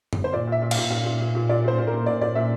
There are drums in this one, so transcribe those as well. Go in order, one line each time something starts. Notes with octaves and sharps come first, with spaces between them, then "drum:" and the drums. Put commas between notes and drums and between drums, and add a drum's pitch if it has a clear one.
drum: tom F#2
C5
A#2 D5
A#2 E5
A#2
F5, drum: cymbal
A#2
A#2 F5
A#2
A#2
A#2
A#2 D5
A#2 C5
A#2
A#4
A#2
A#2 D5
A#2 D5
A#2 E5